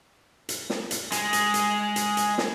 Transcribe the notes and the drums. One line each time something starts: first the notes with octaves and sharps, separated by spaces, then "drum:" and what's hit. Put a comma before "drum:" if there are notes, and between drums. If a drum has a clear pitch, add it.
drum: hi-hat
drum: snare
drum: hi-hat
G#3, drum: hi-hat
drum: hi-hat
drum: hi-hat
drum: hi-hat
drum: hi-hat
drum: snare